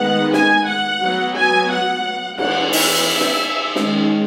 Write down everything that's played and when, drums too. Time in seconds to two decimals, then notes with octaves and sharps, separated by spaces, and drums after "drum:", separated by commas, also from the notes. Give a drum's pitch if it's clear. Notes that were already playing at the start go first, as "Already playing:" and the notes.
Already playing: D#3 G#3 B3 F#5
0.33 G#5, drum: snare
0.67 F#5
1.01 F#3 B3
1.36 G#5
1.70 F#5
2.38 E3 B3 F#5, drum: cymbal
2.73 E5, drum: open hi-hat
3.20 drum: snare
3.76 D#3 G#3 C#4, drum: snare